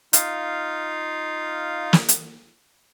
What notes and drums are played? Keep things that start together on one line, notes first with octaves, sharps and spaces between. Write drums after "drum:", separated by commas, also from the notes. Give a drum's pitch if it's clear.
D#4 F4 F5, drum: hi-hat
drum: snare
drum: hi-hat